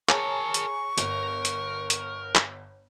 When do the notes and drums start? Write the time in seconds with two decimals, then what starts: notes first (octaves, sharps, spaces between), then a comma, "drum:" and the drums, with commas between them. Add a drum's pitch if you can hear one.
0.09 G#4 A#4 C#5 A5 A#5 C#6, drum: clap
0.54 drum: hi-hat
0.98 G1 A#4, drum: hi-hat
1.45 drum: hi-hat
1.90 drum: hi-hat
2.35 drum: clap